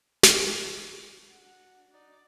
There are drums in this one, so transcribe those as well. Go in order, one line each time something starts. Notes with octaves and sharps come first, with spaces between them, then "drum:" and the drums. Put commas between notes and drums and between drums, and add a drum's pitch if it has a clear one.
drum: snare
D4 F#4 F#5
D#4 D5